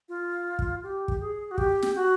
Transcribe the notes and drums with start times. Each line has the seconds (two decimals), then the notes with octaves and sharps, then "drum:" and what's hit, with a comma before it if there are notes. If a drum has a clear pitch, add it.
0.09 F4
0.59 drum: kick
0.83 G4
1.08 drum: kick
1.21 G#4
1.51 F#4
1.58 G4, drum: kick
1.82 drum: snare
1.95 F#4